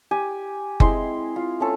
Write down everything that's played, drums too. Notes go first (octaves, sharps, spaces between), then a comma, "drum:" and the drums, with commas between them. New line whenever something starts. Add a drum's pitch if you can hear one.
G4 G#5
G#3 C4 E4 C6, drum: kick F#1
F4
A3 C#4 A4